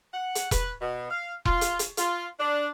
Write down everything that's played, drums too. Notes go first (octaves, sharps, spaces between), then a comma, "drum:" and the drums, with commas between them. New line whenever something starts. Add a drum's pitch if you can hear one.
F#5
drum: hi-hat
B4, drum: kick E1, hi-hat
B2
F5
F4, drum: kick E1
drum: hi-hat
drum: hi-hat
F4, drum: hi-hat
D4